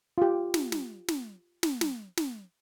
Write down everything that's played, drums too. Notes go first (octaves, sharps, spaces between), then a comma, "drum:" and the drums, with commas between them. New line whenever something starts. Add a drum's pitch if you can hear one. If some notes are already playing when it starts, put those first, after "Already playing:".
F4 G4
drum: snare
drum: snare
drum: snare
drum: snare
drum: snare
drum: snare